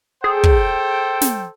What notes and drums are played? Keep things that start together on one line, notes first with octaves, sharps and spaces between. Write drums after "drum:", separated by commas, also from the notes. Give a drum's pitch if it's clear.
G#4 A4 C5 G5
drum: kick
drum: snare